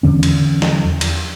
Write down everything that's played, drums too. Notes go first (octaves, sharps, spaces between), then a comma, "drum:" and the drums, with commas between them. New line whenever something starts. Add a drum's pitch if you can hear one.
E2 D3 C#4
drum: cymbal
drum: snare
drum: cymbal